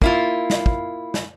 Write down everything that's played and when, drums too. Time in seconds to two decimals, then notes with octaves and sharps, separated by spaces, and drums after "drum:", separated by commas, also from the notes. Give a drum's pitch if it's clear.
0.02 A#3 E4 F4, drum: kick
0.50 drum: snare
0.66 drum: kick
1.14 drum: snare